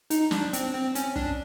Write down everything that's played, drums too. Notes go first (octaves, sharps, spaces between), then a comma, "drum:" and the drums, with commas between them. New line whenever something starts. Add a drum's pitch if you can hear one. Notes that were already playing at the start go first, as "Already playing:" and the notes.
D#4, drum: hi-hat
D4, drum: snare
C4, drum: hi-hat
C4
C#4, drum: hi-hat
D4, drum: kick